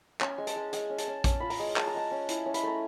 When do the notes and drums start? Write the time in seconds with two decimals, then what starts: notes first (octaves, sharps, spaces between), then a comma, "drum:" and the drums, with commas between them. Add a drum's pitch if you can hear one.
0.21 C#4 G#5, drum: clap
0.38 G#3
0.47 A5, drum: hi-hat
0.56 G#3
0.73 G#3 G#5, drum: hi-hat
0.90 C#4
0.98 A5, drum: hi-hat
1.07 C#4
1.24 C#4 A5, drum: kick A#1, hi-hat
1.40 F4 B5
1.50 A#5, drum: open hi-hat
1.59 G#3
1.76 G#3 A5, drum: clap
1.87 A#5
1.94 G#3 A5
2.11 C#4
2.29 E4, drum: hi-hat
2.46 C#4
2.54 B5, drum: hi-hat
2.63 A3 A#5